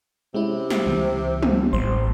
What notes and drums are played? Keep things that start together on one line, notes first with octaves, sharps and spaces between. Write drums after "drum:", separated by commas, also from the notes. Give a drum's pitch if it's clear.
C3 G#3 C#4 E4
drum: snare
C#2 E3
drum: tom
A1 C5 C6